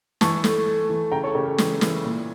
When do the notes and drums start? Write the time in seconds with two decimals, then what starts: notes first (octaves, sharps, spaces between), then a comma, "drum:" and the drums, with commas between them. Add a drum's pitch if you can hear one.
0.21 E3 A5 C#6, drum: snare
0.44 A3, drum: snare
0.67 A3
0.89 E3
1.12 C#3 G5 A#5
1.23 A4 C#5
1.34 C#3 G4 A#4
1.46 A4
1.58 E3, drum: snare
1.81 E3, drum: snare
2.04 A#2